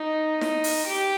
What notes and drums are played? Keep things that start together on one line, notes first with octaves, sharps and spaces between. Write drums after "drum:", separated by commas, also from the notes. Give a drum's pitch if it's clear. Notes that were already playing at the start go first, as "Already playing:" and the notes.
Already playing: D#4
D#4, drum: snare E4
drum: open hi-hat
G4